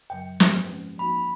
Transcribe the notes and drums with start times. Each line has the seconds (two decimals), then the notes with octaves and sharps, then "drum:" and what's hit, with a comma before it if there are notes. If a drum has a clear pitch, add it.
0.10 F#2 C#3 F#3 G5
0.40 G#2 F3 A#3 D4, drum: snare
0.69 D3 F3 G#3 C#4
0.98 F3 A#3 D#4 F#4 B5